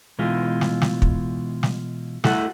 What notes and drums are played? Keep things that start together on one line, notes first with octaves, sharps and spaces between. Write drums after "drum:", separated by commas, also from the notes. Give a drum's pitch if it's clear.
B2 E3 G#3 F4
drum: snare
drum: snare
drum: kick
drum: snare
A3 E4 F#4 A4 F#5, drum: snare